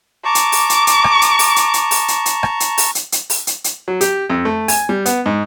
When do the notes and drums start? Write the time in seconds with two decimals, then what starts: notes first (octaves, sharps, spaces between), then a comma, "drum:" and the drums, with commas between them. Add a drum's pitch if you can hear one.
0.25 A5 A#5 C#6 D6
0.35 drum: hi-hat
0.52 drum: open hi-hat
0.70 drum: hi-hat
0.87 drum: hi-hat
1.04 drum: rim click
1.22 drum: hi-hat
1.39 drum: open hi-hat
1.56 drum: hi-hat
1.74 drum: hi-hat
1.91 drum: open hi-hat
2.08 drum: hi-hat
2.26 drum: hi-hat
2.43 drum: rim click
2.60 drum: hi-hat
2.78 drum: open hi-hat
2.95 drum: hi-hat
3.12 drum: hi-hat
3.30 drum: open hi-hat
3.47 drum: hi-hat
3.64 drum: hi-hat
3.88 F#3
4.01 G4, drum: hi-hat
4.30 F2
4.45 A3
4.68 G#5, drum: open hi-hat
4.89 G3
5.06 B3, drum: hi-hat
5.26 G#2